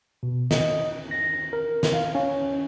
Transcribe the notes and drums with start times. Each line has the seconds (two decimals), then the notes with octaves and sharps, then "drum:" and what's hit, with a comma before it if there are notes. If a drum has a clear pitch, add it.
0.23 B2
0.51 D#5, drum: snare
1.11 A#6
1.53 A#4
1.83 drum: snare
1.93 F5
2.15 C#4